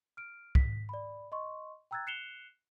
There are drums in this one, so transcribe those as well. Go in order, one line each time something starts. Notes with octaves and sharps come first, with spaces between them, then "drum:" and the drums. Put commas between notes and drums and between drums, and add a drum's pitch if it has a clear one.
F6 D7
B6, drum: kick
D5 B5
D#5 C6 C#6
G5 A#5 E6 F#6 G#6 A6
F#6 C7 C#7 E7 F7 G7